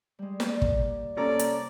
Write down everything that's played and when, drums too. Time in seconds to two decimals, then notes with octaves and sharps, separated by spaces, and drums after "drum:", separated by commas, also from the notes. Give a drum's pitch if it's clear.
0.19 G3 G#3
0.40 A#3 D5, drum: snare
0.62 drum: kick
1.17 C3 A#3 C#4 A4 D5 A#5
1.39 drum: hi-hat